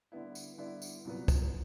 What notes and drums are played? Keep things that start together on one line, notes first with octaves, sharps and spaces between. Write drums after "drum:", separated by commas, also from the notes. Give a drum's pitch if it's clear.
D3 G3 B3 E4
drum: tambourine
D3 G3 B3 E4
drum: tambourine
C2 A#2 F#3 B3
drum: kick, tambourine